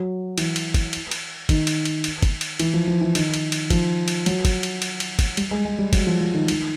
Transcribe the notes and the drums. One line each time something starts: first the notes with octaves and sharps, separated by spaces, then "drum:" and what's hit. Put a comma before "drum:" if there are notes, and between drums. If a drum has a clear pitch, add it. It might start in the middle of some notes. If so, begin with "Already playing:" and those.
Already playing: F#3
E3, drum: cymbal
drum: cymbal
drum: kick, cymbal
drum: cymbal
drum: cymbal
D#3, drum: kick, cymbal
drum: cymbal
drum: cymbal
drum: cymbal
drum: kick, cymbal
drum: cymbal
E3, drum: cymbal
F3
F3
E3
D#3, drum: cymbal
drum: cymbal
drum: cymbal
F3, drum: kick, cymbal
drum: cymbal
F#3, drum: cymbal
drum: kick, cymbal
drum: cymbal
drum: cymbal
drum: cymbal
drum: kick, cymbal
G3, drum: cymbal
G#3
G#3
G3
F#3, drum: kick, cymbal
F3
F3
D#3
D#3, drum: cymbal